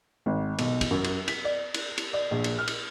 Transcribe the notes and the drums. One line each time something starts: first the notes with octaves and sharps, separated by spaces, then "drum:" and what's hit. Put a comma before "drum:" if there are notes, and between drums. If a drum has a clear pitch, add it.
G#1
B1, drum: cymbal
drum: kick, cymbal
F#2
drum: cymbal
B6, drum: cymbal
D5
drum: cymbal
drum: cymbal
D5
A#1
drum: cymbal
F6
drum: cymbal